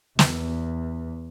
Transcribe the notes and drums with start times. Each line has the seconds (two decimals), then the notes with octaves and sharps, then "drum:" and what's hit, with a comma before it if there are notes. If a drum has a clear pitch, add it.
0.19 E2, drum: snare